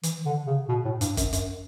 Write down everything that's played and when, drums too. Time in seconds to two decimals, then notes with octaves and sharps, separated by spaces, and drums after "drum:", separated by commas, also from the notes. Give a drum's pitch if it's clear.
0.03 E3, drum: hi-hat
0.26 D3
0.47 C#3
0.69 B2
0.85 A2
1.01 G2, drum: hi-hat
1.17 F#2, drum: kick, hi-hat
1.33 F#2, drum: hi-hat